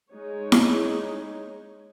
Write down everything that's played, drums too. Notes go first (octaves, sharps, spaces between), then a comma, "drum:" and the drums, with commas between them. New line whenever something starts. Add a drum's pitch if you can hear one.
G#3 D#4 C#5
drum: snare E4